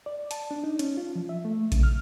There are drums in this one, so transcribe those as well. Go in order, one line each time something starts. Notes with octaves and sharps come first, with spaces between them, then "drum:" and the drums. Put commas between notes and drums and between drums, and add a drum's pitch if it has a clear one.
D5
A5, drum: hi-hat
D4
D#4
C#4, drum: hi-hat
F4
F3
E5
A3
C#3, drum: kick A#1, hi-hat
F6